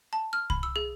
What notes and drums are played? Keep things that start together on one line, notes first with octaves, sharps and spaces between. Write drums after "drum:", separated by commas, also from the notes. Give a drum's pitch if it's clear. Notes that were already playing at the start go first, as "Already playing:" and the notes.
A5
F6
B5, drum: kick C2
E6
G#4